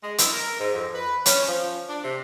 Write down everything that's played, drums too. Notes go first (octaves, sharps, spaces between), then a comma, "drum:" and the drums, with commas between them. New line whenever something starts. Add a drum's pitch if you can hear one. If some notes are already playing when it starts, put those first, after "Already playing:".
G#3
E4, drum: hi-hat
A#4
G#2
F2
B4
C#4, drum: hi-hat
F3
D4
C3